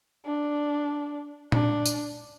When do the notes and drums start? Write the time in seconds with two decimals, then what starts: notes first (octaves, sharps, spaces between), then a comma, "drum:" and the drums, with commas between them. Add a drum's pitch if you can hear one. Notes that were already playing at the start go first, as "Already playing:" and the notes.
0.26 D4
1.52 D4, drum: tom A#2
1.86 drum: tambourine